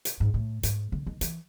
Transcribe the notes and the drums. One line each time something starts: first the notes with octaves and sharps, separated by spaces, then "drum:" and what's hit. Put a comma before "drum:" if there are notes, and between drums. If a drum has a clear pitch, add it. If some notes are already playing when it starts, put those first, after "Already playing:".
drum: hi-hat
G#2
A2
G#2, drum: hi-hat
D3
D#3
E3, drum: hi-hat